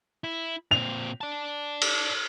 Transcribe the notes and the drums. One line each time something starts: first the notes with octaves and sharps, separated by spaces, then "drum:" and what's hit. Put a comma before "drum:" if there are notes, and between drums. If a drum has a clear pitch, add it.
E4
A#2 C4 F7
D5 A5
drum: cymbal